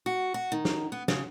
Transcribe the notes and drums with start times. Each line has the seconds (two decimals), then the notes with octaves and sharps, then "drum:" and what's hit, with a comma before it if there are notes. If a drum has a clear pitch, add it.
0.06 F#4
0.34 F#4
0.52 D#3
0.65 drum: snare
0.92 B3
1.08 C#3, drum: snare